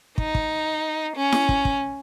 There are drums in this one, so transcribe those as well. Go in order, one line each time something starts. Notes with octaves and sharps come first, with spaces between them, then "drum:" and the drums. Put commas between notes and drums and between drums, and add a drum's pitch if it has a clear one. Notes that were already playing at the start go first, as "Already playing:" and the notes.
D#4, drum: kick
drum: kick
C#4
drum: snare E4
drum: kick
drum: kick